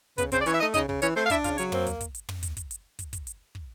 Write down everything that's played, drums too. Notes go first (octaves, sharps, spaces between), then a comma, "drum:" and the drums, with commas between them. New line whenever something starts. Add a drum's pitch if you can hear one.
C#3 B3 B4, drum: kick, hi-hat
C#3 C4 C5, drum: kick, hi-hat
D5
E3 C#4 C#5, drum: hi-hat
E5
A3 D#4 D#5
C#3 D#4 D#5, drum: kick, hi-hat
C#3, drum: kick
E3 C#4 C#5, drum: hi-hat
A3 C4 C5
F5
D4 E4 E5, drum: kick, hi-hat
C#3 F4 F5, drum: kick, hi-hat
F#3 C#4 C#5, drum: hi-hat
A#3 C4 C5, drum: tom
drum: kick, hi-hat
drum: kick, hi-hat
drum: hi-hat
drum: tom
drum: kick, hi-hat
drum: kick, hi-hat
drum: hi-hat
drum: kick, hi-hat
drum: kick, hi-hat
drum: hi-hat
drum: kick